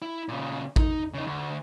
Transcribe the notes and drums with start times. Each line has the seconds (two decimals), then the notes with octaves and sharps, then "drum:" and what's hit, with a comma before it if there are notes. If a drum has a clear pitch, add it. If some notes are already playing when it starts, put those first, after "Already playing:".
0.02 E4
0.28 A#2 C#3
0.76 D#4, drum: kick
1.14 C#3 D#4
1.27 D2